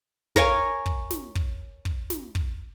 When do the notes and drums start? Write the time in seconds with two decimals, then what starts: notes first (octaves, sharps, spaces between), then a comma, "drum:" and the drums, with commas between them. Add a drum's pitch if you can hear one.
0.36 A#4 C#5 F5 G#5, drum: kick
0.86 drum: kick
1.10 drum: snare
1.35 drum: kick
1.85 drum: kick
2.10 drum: snare
2.35 drum: kick